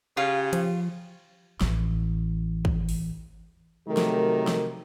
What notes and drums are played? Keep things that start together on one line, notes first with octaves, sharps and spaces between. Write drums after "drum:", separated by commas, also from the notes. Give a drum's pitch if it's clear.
C#3 F4 G4
F3, drum: cymbal
A1 E3, drum: snare
drum: kick
drum: open hi-hat
C3 D#3 F#3 A3 G4 A#4
drum: snare
drum: snare